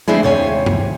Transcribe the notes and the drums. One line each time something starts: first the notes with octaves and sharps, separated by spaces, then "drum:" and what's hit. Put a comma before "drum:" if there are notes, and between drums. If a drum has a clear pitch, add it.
A3 C4 D4 E4 G#4
D#2 C3 C#5 G#5
drum: tom G2